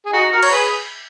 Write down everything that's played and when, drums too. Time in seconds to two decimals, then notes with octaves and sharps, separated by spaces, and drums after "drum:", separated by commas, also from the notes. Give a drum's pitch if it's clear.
0.05 G#4
0.12 D#4 F#4
0.32 F#4 A#4
0.43 C#5, drum: cymbal
0.51 G#4 B4